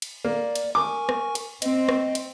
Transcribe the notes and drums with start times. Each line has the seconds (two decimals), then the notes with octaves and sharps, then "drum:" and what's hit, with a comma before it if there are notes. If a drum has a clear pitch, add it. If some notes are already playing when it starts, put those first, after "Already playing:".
0.02 drum: cymbal
0.25 A#3 D5
0.55 drum: cymbal
0.75 A#4 G#5 C#6 D6
1.09 drum: rim click
1.35 drum: cymbal
1.62 C4 D#5, drum: cymbal
1.89 drum: rim click
2.15 drum: cymbal